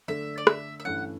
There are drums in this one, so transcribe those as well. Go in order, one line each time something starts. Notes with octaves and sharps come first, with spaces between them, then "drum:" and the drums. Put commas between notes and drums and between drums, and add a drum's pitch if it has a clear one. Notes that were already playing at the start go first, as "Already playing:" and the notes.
D3 A3 D4 E5
D5
E5, drum: rim click
E5
G2 E3 A3 C#4 F#5